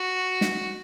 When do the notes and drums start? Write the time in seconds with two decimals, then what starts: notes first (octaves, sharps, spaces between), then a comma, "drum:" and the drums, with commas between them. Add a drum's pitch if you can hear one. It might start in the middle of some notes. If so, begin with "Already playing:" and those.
Already playing: F#4
0.41 drum: snare